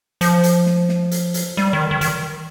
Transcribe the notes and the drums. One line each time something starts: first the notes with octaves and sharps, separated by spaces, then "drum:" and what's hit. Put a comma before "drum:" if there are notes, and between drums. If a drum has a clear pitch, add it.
F3, drum: hi-hat
drum: hi-hat
drum: snare
drum: snare
drum: hi-hat
drum: hi-hat
G3, drum: snare
D#3
D#3
D#3, drum: hi-hat